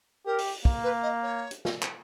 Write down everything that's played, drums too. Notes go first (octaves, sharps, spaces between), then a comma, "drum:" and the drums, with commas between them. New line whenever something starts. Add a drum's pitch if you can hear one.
G4 A#4
drum: open hi-hat
A#3, drum: kick
B4
D#5
C#5
drum: hi-hat
drum: snare
drum: clap